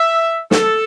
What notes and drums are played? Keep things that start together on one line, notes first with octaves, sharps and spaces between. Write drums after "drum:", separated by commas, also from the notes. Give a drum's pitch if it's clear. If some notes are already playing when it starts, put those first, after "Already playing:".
Already playing: E5
A4, drum: snare